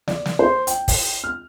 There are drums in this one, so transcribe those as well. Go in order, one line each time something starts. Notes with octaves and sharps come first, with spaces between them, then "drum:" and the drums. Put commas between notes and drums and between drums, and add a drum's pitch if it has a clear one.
D5, drum: snare
drum: snare
C5
G5, drum: hi-hat
drum: kick, open hi-hat
F6